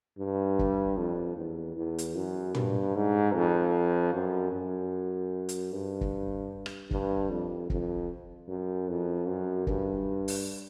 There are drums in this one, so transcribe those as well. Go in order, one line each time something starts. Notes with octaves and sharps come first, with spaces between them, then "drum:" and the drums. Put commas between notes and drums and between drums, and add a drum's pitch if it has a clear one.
G2
drum: kick
F2
E2
E2
drum: hi-hat
F#2
G2, drum: tom
G#2
F2
F#2
F#2
drum: hi-hat
G2
drum: kick
drum: rim click
G2, drum: kick
F2
F2, drum: kick
F#2
F2
F#2
G2, drum: kick
drum: open hi-hat